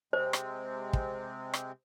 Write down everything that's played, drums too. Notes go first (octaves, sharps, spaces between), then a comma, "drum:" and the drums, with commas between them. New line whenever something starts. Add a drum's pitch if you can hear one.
C3 G#3 C4 C5
drum: rim click
drum: kick
drum: rim click